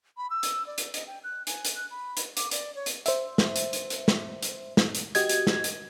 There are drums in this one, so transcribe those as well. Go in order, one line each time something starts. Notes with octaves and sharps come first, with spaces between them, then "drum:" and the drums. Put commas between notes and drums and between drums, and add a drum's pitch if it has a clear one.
B5
E6
drum: hi-hat
D5
drum: hi-hat
D#5, drum: hi-hat
G5
F#6
G#5, drum: hi-hat
drum: hi-hat
F#6
B5
drum: hi-hat
D6, drum: hi-hat
D5, drum: hi-hat
C#5
drum: hi-hat
C5 E5, drum: hi-hat
drum: snare
drum: hi-hat
drum: hi-hat
drum: hi-hat
drum: snare
drum: hi-hat
drum: snare
drum: hi-hat
F#4 G4 D#5 G#6, drum: hi-hat
drum: hi-hat
drum: snare
drum: hi-hat